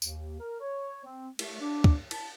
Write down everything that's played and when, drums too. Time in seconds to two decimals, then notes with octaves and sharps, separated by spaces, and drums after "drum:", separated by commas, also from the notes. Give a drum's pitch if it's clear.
0.02 D#2, drum: tambourine
0.40 A#4
0.60 C#5
1.04 C4
1.39 A3, drum: cymbal
1.61 D4
1.84 drum: kick
2.11 A5, drum: cymbal